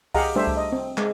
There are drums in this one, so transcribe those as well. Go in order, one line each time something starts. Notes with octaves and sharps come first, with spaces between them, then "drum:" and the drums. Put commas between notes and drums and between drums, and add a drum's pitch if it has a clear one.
G4 G#4 D#5 F5 F#5 A#5, drum: kick C2, open hi-hat
G3 A3 D4 G4 C5 E5
drum: kick C2
D#5
C4
G#3, drum: clap